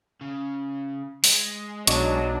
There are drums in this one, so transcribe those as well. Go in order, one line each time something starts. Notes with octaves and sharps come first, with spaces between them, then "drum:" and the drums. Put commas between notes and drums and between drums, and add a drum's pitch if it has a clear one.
C#3
G#3, drum: open hi-hat
B1 F#3 D4 D#5 C#6, drum: hi-hat